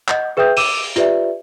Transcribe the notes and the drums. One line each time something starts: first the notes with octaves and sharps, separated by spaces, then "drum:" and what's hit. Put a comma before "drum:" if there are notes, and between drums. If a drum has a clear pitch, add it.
D#5 F#5 G6, drum: clap
G#4 B4 E5 G5 D#6 G6
D6 E6 D#7 E7, drum: open hi-hat
F4 G4 B4 D5 E5, drum: hi-hat